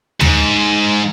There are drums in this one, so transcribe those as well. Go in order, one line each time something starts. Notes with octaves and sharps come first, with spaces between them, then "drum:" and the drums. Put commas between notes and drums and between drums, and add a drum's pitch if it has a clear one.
G#2, drum: tom